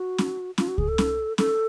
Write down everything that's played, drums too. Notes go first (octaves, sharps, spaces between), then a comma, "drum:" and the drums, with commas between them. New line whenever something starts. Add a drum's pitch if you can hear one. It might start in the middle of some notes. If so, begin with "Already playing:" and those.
Already playing: F#4
drum: snare C#4
F4, drum: snare C#4
F#4
G#4, drum: kick C#2
A4
drum: snare C#4
A4, drum: snare C#4